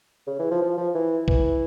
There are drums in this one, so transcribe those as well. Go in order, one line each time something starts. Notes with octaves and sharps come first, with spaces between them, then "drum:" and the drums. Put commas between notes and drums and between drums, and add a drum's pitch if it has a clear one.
C#3
E3
F3
F3
F3
E3
E3, drum: kick